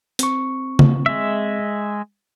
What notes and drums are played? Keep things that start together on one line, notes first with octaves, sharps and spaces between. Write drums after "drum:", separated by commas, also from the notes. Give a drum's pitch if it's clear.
C4 C#6, drum: hi-hat
drum: tom C#3
G#3 E5